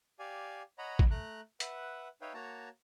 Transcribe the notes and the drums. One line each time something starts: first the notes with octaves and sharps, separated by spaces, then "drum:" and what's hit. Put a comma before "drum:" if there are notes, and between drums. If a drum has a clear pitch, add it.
G4 D5 F5 G#5
C#5 D#5 F#5 A#5 B5
drum: kick A1
A3 A#5 F#6
B4 E5 F#5, drum: hi-hat
D#4 B4 C#5 E5 F5 G5
A#3 F#4 C#5 A5 A#5